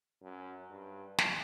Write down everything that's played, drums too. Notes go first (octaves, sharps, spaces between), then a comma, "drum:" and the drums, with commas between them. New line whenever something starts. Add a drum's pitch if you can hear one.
F#2
G2
drum: snare